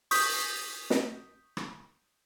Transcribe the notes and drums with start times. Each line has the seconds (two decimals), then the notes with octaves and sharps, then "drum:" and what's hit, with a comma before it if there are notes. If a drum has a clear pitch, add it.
0.11 C#6 D#6 G6 B6, drum: open hi-hat
0.90 drum: snare
1.57 drum: rim click